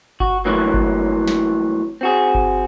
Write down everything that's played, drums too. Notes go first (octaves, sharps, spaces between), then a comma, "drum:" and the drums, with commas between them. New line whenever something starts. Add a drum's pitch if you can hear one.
F#4, drum: kick G1
C2 A2 E3 F#3 A#3
drum: kick G1
drum: snare
C4 F#4 G#4
drum: kick G1